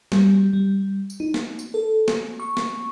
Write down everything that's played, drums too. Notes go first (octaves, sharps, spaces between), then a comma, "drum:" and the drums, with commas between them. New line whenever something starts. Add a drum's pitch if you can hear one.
G3, drum: snare A#3
G3
drum: tambourine
D#4
drum: snare A#3
drum: tambourine
A4
drum: snare A#3
C#6
drum: snare A#3